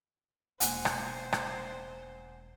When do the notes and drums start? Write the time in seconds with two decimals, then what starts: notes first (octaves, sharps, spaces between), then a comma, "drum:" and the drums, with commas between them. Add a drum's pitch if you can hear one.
0.60 E1 A#3 C5 F#5 G#5, drum: hi-hat
0.85 drum: rim click
1.33 drum: rim click